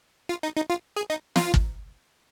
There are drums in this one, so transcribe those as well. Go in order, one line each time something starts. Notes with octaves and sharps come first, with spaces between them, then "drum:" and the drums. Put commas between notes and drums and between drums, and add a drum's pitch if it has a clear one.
F4
D#4
D#4
F4
G#4
D#4
F4, drum: snare
drum: kick